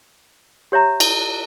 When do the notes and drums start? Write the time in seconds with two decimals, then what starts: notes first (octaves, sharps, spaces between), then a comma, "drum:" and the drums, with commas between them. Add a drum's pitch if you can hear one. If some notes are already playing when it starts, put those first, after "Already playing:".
0.72 G4 C#5 E5 A#5
1.00 drum: cymbal